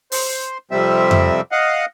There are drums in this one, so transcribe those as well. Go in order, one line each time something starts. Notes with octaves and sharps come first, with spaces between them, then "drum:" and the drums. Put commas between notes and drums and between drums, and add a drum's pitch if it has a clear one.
C5, drum: open hi-hat
F2 C3 G3 C4 E5
drum: tom F2
D#5 F5 F#5